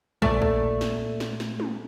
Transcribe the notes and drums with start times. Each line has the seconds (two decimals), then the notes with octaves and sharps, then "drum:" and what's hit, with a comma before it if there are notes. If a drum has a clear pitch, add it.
0.22 A#2 A3 D5, drum: kick
0.42 drum: kick
0.81 drum: snare
1.20 drum: snare
1.40 drum: snare
1.60 drum: tom